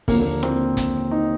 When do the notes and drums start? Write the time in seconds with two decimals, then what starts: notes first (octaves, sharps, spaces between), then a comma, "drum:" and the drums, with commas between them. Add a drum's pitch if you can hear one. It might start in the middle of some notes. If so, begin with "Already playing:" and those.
0.08 D#2 D3 F3 A#3, drum: kick, open hi-hat
0.20 A#3
0.43 C4, drum: snare E4
0.77 drum: kick, hi-hat
1.11 D#4